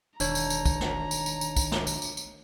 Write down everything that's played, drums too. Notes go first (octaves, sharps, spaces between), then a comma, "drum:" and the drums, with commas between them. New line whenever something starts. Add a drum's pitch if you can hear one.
E1 D#3 D4 C#5 A#5, drum: tambourine
drum: tambourine
drum: tambourine
drum: kick, tambourine
drum: snare
drum: tambourine
drum: tambourine
drum: tambourine
drum: kick, tambourine
drum: snare
drum: tambourine
drum: tambourine
drum: tambourine